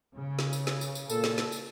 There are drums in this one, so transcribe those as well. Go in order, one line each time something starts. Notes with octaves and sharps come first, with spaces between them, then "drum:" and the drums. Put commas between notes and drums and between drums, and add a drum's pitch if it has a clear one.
C#3
drum: snare
drum: tambourine
drum: snare
drum: tambourine
drum: tambourine
A#2 A4, drum: tambourine
drum: snare
drum: snare
drum: tambourine